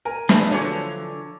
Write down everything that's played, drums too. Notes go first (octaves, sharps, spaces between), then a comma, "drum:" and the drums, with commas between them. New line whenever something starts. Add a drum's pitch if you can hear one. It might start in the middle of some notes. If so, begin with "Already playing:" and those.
A#4 G#5
F3 D4 G#4 B4 E5, drum: snare
D3 E3 F#3 C#5